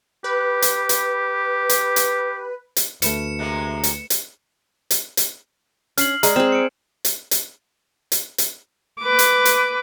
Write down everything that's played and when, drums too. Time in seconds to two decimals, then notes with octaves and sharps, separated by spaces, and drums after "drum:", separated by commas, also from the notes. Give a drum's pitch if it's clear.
0.24 G4 B4
0.62 drum: hi-hat
0.89 drum: hi-hat
1.69 drum: hi-hat
1.96 drum: hi-hat
2.76 drum: hi-hat
3.02 D2 A3 B4 F6 C#7 E7, drum: hi-hat
3.39 C3 G#3 A#3
3.83 drum: hi-hat
4.10 drum: hi-hat
4.91 drum: hi-hat
5.17 drum: hi-hat
5.98 C#4 F6 C7 F#7, drum: hi-hat
6.23 G#3 D5 A#5, drum: hi-hat
6.36 C4 G#4 E7 F#7
6.52 C#7 D7
7.05 drum: hi-hat
7.31 drum: hi-hat
8.12 drum: hi-hat
8.38 drum: hi-hat
9.00 B4 D6
9.19 drum: hi-hat
9.45 drum: hi-hat